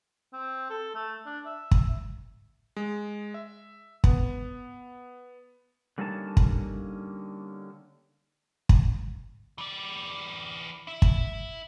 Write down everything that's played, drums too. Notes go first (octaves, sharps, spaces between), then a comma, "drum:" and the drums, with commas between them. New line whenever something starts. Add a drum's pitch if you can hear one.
C4
A4
A3
D4
E5
drum: kick
G#3
E5
B3, drum: kick
D3 G3 A#3 C#4 D#4 A5
drum: kick
drum: kick
E3 D5
E4 E5
drum: kick